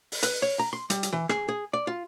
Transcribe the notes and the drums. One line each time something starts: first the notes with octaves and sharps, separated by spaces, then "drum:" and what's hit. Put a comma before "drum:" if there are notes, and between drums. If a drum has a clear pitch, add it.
drum: open hi-hat
B4, drum: hi-hat
C#5
A#5
C6
G3, drum: hi-hat
drum: hi-hat
E3
G#4, drum: rim click
G#4
D5
F4